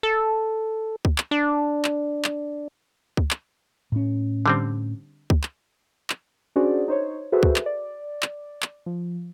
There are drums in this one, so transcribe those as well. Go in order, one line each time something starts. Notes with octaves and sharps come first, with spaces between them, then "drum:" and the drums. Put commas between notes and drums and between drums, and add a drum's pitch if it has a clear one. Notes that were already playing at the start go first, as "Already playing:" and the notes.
A4
drum: kick C#2
drum: clap
D4
drum: clap
drum: clap
drum: kick C#2
drum: clap
A2 C#4
D3 G3 C4
drum: kick C#2
drum: clap
drum: clap
C#4 D4 F#4 G#4 C5 D5
D#4 C5 C#5
F#4 G#4 A4 B4 C5 E5
drum: kick C#2
drum: clap
D5
drum: clap
drum: clap
F3